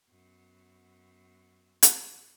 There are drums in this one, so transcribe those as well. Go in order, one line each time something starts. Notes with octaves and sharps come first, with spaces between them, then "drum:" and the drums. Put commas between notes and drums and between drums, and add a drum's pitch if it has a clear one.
F#2 B3
drum: hi-hat